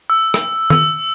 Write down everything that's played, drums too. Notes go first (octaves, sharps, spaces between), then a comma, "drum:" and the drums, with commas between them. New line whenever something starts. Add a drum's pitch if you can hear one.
E6
drum: rim click
E6, drum: tom D#3